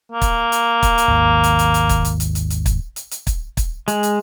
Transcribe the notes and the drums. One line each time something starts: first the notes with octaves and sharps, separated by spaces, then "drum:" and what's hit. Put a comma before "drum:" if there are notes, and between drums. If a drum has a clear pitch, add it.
A#3
drum: kick, hi-hat
drum: hi-hat
drum: kick, hi-hat
drum: hi-hat
G#1 D#2
drum: hi-hat
drum: hi-hat
drum: hi-hat
drum: kick, hi-hat
drum: hi-hat
drum: hi-hat
drum: hi-hat
drum: hi-hat
drum: kick, hi-hat
drum: hi-hat
drum: hi-hat
drum: kick, hi-hat
drum: kick, hi-hat
G#3, drum: hi-hat
drum: hi-hat